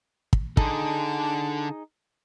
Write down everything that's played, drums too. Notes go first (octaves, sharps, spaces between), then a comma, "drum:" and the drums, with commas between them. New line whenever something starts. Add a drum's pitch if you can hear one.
drum: kick
D3 D#4 G#4 A4 A5, drum: kick